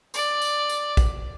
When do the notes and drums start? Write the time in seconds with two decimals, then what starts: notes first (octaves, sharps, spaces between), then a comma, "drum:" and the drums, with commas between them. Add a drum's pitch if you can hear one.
0.14 D5, drum: tambourine
0.42 drum: tambourine
0.69 drum: tambourine
0.97 drum: kick, tambourine